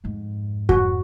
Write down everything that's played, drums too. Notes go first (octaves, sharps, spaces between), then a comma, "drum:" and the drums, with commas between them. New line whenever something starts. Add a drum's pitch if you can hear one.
F2 G#2
F#4, drum: kick F2